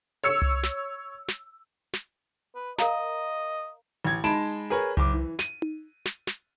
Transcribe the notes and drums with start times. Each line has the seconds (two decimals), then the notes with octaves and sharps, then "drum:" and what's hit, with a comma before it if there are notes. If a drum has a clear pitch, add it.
0.24 C#5 E6 C#7
0.42 drum: tom C2
0.63 drum: snare
1.28 drum: snare
1.93 drum: snare
2.55 B4
2.78 A#4 D#5 F5 A#5, drum: snare
4.05 A1 G#6
4.24 G#3 D#4 A5 B5 D7 E7
4.70 G#4 A#4 B4 C#5
4.97 F#1 D6, drum: tom C2
5.13 E3
5.39 D#7, drum: snare
5.62 drum: tom D#4
6.05 drum: snare
6.27 drum: snare